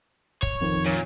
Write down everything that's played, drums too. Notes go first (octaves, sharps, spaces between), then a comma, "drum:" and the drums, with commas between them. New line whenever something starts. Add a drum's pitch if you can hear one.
C#5, drum: kick
F2 D#3 F3
A#2